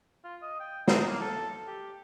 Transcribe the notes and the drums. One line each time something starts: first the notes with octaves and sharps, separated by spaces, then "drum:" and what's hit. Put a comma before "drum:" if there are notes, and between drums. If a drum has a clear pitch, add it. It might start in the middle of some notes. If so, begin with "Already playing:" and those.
F4
D#5
G5
D#4, drum: snare
A#3
A4
G4